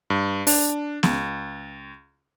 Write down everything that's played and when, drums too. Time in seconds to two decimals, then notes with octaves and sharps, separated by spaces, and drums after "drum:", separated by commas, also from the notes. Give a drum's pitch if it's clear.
0.10 G2
0.47 D4, drum: open hi-hat
1.03 C#2, drum: snare B3